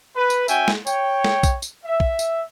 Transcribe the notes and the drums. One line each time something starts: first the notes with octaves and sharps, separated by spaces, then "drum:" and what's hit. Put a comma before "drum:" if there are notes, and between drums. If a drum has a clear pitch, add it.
B4
drum: tambourine
C#4 F#4 E5 G5 G#5, drum: tambourine
drum: snare
C#5 G5, drum: tambourine
drum: snare
drum: kick, tambourine
drum: tambourine
E5
drum: kick
drum: tambourine